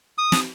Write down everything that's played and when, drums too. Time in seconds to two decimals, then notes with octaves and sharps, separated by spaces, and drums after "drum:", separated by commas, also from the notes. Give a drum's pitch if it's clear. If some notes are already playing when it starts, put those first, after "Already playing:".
0.18 D#6
0.32 drum: snare